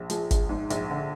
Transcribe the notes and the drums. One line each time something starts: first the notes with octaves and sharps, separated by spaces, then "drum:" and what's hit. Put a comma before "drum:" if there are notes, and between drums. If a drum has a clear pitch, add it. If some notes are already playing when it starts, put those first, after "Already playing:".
Already playing: A#1
F3 G#4, drum: hi-hat
A#1, drum: kick G1, hi-hat
G#2
A#1, drum: hi-hat
D3